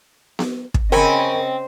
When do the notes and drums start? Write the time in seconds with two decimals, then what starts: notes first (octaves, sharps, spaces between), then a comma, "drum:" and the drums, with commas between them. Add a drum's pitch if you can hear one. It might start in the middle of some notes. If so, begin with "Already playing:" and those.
0.39 drum: snare B3
0.74 drum: kick
0.92 C#3 C4 A#4 D#5 G#5 B5 C#6